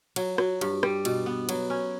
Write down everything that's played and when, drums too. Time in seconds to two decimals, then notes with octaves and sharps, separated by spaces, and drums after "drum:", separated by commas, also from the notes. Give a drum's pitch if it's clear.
0.16 F#3, drum: cymbal
0.38 F#3, drum: rim click
0.61 G2, drum: cymbal
0.83 G3, drum: rim click
1.05 B2, drum: cymbal
1.26 B3
1.49 F#3, drum: cymbal
1.70 C#4